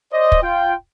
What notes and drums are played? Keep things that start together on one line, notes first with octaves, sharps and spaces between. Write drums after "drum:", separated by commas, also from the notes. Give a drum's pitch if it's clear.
C5 D5 D#5
drum: kick
F4 G5